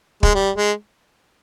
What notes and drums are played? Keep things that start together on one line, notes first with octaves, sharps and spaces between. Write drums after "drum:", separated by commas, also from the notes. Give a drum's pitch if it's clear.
G#3, drum: kick
G3
G#3